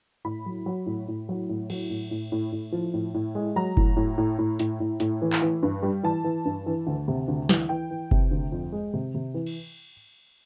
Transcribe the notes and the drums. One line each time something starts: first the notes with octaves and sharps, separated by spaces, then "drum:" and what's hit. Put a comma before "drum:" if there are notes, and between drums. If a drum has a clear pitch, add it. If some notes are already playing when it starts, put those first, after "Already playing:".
A2 B5
F#3
F#3
A2
A2
F#3
A2
F#3, drum: cymbal
A2
A2
A2
A2
F3
A2
A2
G#3
F#3 A#5
A2, drum: kick F#1
A2
A2
A2
A2, drum: hi-hat
A2
A2, drum: hi-hat
E3
drum: clap
E3
G2
G3
E3 A5
E3
G2
E3
D2
C3
D2
E3, drum: snare
E3 G5
E3
C3, drum: kick F#1
D2
F2
G#3
C3
C3
E3
drum: cymbal